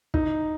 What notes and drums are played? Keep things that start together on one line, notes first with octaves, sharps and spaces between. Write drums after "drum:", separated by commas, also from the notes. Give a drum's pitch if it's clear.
D#4, drum: kick